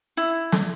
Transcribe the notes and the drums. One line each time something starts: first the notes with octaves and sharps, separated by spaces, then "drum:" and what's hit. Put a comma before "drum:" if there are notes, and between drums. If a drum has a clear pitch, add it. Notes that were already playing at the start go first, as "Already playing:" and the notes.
E4
drum: snare